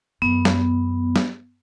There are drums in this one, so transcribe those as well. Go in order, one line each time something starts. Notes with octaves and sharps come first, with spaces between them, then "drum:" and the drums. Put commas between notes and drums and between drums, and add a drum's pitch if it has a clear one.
F#2 B3
drum: snare
drum: snare